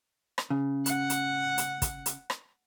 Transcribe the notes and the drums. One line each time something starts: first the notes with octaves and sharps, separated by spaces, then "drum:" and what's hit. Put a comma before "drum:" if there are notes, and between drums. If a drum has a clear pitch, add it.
drum: rim click
C#3
F#5, drum: hi-hat
drum: hi-hat
drum: hi-hat
drum: kick, hi-hat
drum: hi-hat
drum: rim click